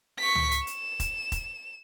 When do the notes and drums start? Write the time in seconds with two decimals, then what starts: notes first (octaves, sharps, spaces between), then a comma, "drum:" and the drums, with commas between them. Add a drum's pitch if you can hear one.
0.19 C#6 B6
0.35 drum: tom C#2
0.51 drum: hi-hat
0.67 E7, drum: hi-hat
1.00 drum: kick E1, hi-hat
1.32 drum: kick E1, hi-hat